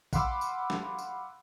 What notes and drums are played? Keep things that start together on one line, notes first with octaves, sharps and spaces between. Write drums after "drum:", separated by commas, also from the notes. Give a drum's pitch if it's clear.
F5 F#5 B5 C6 D6 E6, drum: kick A#1, tambourine
drum: tambourine
drum: snare
drum: tambourine